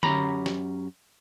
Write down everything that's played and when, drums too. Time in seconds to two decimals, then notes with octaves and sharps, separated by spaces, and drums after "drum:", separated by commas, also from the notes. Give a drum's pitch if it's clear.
0.03 F#2 C#4 G4 A#5 B5, drum: tom D3
0.46 drum: snare